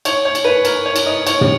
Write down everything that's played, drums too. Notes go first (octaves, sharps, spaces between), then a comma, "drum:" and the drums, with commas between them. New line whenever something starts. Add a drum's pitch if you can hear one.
C#5, drum: cymbal
C#5
drum: cymbal
B4
A#4, drum: cymbal
C#5
drum: cymbal
D#5
C#5, drum: cymbal
drum: tom